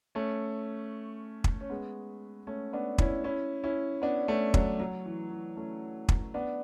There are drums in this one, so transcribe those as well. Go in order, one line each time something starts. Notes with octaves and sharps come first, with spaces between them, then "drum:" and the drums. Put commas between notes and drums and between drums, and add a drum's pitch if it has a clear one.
A3 C#4
drum: kick
C#4
G#3 B3
A3 C#4
B3 D4
C#4 E4, drum: kick
C#4 E4
C#4 E4
B3 D4
A3 C#4
F#3, drum: kick
F#3
E3
E3
A3 C#4
drum: kick
B3 D4